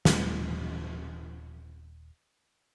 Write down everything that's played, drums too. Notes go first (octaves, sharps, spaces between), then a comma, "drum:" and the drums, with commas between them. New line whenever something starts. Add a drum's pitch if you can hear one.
D#1 F#3 G3 A3, drum: snare